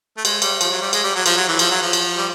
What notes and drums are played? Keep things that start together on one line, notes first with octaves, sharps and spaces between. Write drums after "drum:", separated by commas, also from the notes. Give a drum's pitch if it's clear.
A3
G#3, drum: cymbal
G3, drum: cymbal
F3, drum: cymbal
F#3
G3
G#3, drum: cymbal
G3
F#3
F3, drum: cymbal
F#3
E3
F3, drum: cymbal
F#3
F3
drum: cymbal
G3